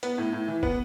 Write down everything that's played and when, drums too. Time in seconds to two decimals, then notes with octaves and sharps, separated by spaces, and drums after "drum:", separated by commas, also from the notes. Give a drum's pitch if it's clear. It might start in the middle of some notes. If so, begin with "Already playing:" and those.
0.03 B3, drum: hi-hat
0.18 A2
0.33 A2
0.48 E3
0.63 B3, drum: kick